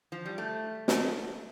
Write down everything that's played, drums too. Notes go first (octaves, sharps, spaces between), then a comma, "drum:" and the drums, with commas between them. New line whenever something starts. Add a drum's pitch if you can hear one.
F3
G3
A3
A3, drum: snare